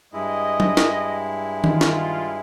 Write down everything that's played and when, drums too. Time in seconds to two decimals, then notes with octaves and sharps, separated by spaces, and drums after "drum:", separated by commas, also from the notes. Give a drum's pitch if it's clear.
0.13 G2 G#3 E4 D#5
0.60 drum: tom F#3
0.77 drum: snare
1.64 D#3 F4, drum: tom E3
1.81 drum: snare